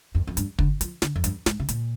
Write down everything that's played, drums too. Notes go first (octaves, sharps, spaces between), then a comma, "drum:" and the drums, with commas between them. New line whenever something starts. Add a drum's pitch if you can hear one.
F2
F2
G2, drum: hi-hat
D3, drum: kick
F3, drum: hi-hat
D3, drum: snare
F2
G2, drum: hi-hat
G#2, drum: snare
C3
A#2, drum: hi-hat